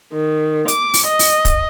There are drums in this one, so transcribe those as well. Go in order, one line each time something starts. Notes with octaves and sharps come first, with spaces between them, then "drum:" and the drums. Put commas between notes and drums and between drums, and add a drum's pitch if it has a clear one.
D#3
D6, drum: hi-hat
drum: open hi-hat
D#5
drum: open hi-hat
drum: kick, hi-hat